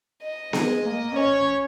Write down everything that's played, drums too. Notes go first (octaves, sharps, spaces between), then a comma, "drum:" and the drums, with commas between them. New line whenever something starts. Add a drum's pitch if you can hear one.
D#5
G#3, drum: snare B3
A#3
C#4 C#5